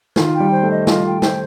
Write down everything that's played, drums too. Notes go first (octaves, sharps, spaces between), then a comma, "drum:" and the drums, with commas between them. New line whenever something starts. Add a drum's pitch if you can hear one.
D#3 F4, drum: snare
G5
G3
C5
A3
D#5
G3 F4, drum: snare
G5
C5, drum: snare